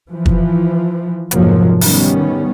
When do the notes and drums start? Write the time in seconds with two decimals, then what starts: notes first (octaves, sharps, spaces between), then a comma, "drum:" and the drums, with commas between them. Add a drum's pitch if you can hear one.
0.10 E3 F3
0.26 drum: kick
1.31 F1 G#2 F3 F#3 A#3, drum: hi-hat
1.81 D#3 G3 B3 C#4, drum: open hi-hat